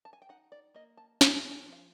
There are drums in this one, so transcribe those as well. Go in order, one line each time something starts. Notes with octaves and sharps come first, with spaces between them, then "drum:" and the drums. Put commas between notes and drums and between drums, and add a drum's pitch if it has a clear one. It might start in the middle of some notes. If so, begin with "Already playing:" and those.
A5
G#5
G5
D#4 F#5
D5
A#3 D#5
A5
F3 A5, drum: snare
G#5
F3
F5